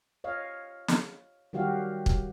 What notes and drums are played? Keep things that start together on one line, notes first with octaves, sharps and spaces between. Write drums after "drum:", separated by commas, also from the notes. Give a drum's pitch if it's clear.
C#5 D#5 F5
drum: snare
D#3 F#3 G3 F#4 G4 F5
drum: kick